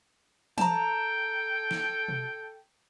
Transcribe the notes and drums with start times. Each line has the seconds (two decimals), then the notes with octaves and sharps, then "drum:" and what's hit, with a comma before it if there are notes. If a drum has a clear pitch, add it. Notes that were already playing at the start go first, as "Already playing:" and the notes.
0.58 A4 G5 A5 A#5, drum: tom E3
1.71 drum: snare
2.08 drum: tom B2